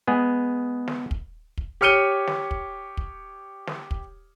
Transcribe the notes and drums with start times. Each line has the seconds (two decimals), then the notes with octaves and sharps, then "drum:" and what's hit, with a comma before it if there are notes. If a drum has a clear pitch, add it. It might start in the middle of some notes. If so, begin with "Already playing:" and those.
0.07 G#3 B3 G#4
0.88 drum: snare
1.11 drum: kick
1.58 drum: kick
1.81 G4 C#5 F6 C#7 D#7 G7
2.27 drum: snare
2.51 drum: kick
2.97 drum: kick
3.67 drum: snare
3.91 drum: kick